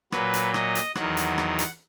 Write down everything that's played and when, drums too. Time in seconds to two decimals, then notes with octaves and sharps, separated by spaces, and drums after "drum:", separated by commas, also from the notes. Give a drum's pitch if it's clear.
0.12 A#2 F#3 B4, drum: rim click
0.34 drum: hi-hat
0.54 D#5, drum: rim click
0.75 drum: hi-hat
0.95 E2 D#3 F#3 F#5, drum: rim click
1.17 drum: hi-hat
1.38 drum: rim click
1.59 drum: hi-hat